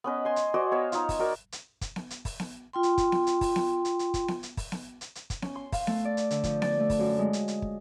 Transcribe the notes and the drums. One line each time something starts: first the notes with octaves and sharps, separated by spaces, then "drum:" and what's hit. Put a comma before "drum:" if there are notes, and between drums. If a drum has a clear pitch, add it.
B3 C#4 B4 D#5
G#5 C6
drum: hi-hat
F#4 C5 D5 D#5
B3 C#5 E5 F5
D#4 F4, drum: hi-hat
drum: kick, open hi-hat
D#4 F#4 A#4 D5
drum: hi-hat
drum: kick, hi-hat
drum: snare B3
drum: hi-hat
drum: kick, open hi-hat
drum: snare B3
F4 G5 C6
drum: hi-hat
drum: kick, hi-hat
drum: snare B3
drum: hi-hat
drum: kick, open hi-hat
drum: snare B3
drum: hi-hat
drum: hi-hat
drum: kick, hi-hat
drum: snare B3
drum: hi-hat
drum: kick, open hi-hat
drum: snare B3
drum: hi-hat
drum: hi-hat
drum: kick, hi-hat
C#4, drum: snare B3
C6
F5, drum: kick, open hi-hat
A3, drum: snare B3
D5
drum: hi-hat
D3, drum: hi-hat
F3, drum: kick, hi-hat
D5, drum: snare B3
A3
drum: kick, open hi-hat
F#2
G#3
drum: hi-hat
drum: hi-hat
drum: kick